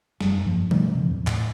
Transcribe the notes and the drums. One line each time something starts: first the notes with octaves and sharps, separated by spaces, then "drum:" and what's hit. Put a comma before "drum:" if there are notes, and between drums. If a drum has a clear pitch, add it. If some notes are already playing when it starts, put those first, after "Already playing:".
F1 F#2, drum: snare
F1 G2 F3 A#3
B2 D3 G3 A3, drum: tom E3
C#3 F3 C4
E2 A2
A2, drum: clap